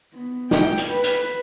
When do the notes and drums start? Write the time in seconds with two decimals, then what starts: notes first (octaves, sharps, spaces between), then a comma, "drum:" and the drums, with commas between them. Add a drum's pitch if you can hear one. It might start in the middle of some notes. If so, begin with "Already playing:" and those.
0.13 B3
0.51 G5, drum: snare
0.78 drum: hi-hat
0.89 B4
1.04 drum: hi-hat